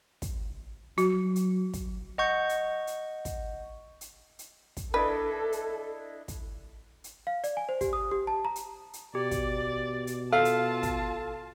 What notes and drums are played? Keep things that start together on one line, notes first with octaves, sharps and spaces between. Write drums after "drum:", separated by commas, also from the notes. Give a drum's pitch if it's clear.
drum: kick, hi-hat
F#3 F#4, drum: hi-hat
drum: hi-hat
drum: kick, hi-hat
D#5 F#5 C#6 G6
drum: hi-hat
drum: hi-hat
drum: kick, hi-hat
drum: hi-hat
drum: hi-hat
drum: kick, hi-hat
D4 E4 A4 B4 D#5
drum: hi-hat
drum: kick, hi-hat
drum: hi-hat
F5
D5, drum: hi-hat
G#5
C5
G4, drum: kick, hi-hat
D#6
G4
A5
A#5
drum: hi-hat
drum: hi-hat
B2 G4 D5
drum: kick, hi-hat
drum: hi-hat
F4 A4 F5 A5
drum: hi-hat
drum: kick, hi-hat